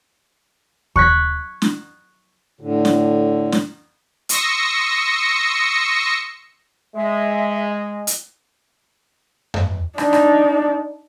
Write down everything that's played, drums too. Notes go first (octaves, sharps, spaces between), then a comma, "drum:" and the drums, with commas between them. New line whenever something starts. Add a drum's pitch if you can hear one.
C#6 F#6 G#6 B6, drum: kick D#2
drum: snare
A2 D3
drum: snare
drum: snare
C6 C#6 D#6 E6 A#6 C#7, drum: hi-hat
G#3 E5
drum: hi-hat
drum: tom F2
D4 D#4, drum: rim click
drum: rim click